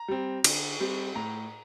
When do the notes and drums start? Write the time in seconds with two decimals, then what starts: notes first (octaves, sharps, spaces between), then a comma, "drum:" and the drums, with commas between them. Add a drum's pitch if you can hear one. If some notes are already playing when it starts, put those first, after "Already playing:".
Already playing: A#5
0.08 G3 C4
0.44 D3, drum: cymbal
0.80 G3 C4
1.15 A2 A#5